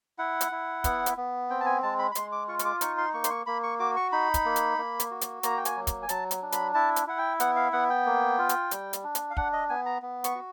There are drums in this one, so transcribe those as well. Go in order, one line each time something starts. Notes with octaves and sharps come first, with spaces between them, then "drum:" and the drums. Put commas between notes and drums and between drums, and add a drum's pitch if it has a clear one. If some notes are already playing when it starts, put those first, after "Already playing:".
E4 F#5
drum: hi-hat
E4
B3, drum: kick, hi-hat
drum: hi-hat
B3
C4 G5
A5
G#5
G#3 A5
B5
B5
G#3 C6, drum: hi-hat
D6
F4 C#6
C#6, drum: hi-hat
D6
D#4 C#6, drum: hi-hat
C6
A#3 C#6
C6, drum: hi-hat
C#6
A#3 B5
C#6
F#4 D6
C#6
D#4 B5
drum: kick, hi-hat
A#3
drum: hi-hat
A#3
drum: hi-hat
F#4
drum: hi-hat
A#3 A#5, drum: hi-hat
G5
G#5, drum: hi-hat
F#3
drum: kick, hi-hat
G#5
F#3 A5, drum: hi-hat
drum: hi-hat
D4
B5, drum: hi-hat
E4 A5
drum: hi-hat
E4 F#5
G5
B3 F#5, drum: hi-hat
F5
B3 F#5
G5
A#3
F4
drum: hi-hat
G3, drum: hi-hat
drum: hi-hat
D4
drum: hi-hat
F5
D4 F#5, drum: kick
D#5
B3 G#5
A#5
B3
C#6, drum: hi-hat
F#4